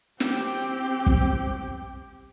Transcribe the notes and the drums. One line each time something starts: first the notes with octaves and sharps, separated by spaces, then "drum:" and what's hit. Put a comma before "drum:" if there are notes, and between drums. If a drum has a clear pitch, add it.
C4 G4, drum: snare
drum: kick